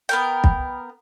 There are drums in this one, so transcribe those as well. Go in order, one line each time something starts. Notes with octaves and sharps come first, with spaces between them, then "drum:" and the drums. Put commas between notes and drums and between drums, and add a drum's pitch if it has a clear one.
B3 A#4 G5
drum: kick